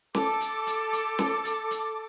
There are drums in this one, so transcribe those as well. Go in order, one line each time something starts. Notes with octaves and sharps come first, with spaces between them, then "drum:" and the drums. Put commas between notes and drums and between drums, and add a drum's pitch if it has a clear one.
A4 D6, drum: snare
drum: hi-hat
drum: hi-hat
drum: hi-hat
drum: snare
drum: hi-hat
drum: hi-hat